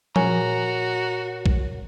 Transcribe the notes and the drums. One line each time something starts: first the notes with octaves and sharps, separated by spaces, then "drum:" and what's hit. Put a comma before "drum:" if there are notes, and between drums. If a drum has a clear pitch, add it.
A#2 F#4 A#4 C#5 G#5 A#5, drum: tom F3
drum: kick A#1